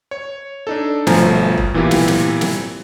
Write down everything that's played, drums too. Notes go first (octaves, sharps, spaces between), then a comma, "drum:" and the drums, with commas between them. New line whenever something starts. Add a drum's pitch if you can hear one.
C#5
D4 D#4 A4
G1 B2 F3 A3 G#5 A#5, drum: snare
drum: kick E1
A#2 E3 B3 E4 F4 G4
drum: snare
drum: snare
drum: snare